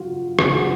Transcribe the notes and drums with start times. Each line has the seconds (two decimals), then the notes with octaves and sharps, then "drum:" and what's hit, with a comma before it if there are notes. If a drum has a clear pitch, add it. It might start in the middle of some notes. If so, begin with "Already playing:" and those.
Already playing: C#3 F#3 F4 F#4
0.39 C#3 G#4, drum: rim click
0.47 F#4
0.55 F4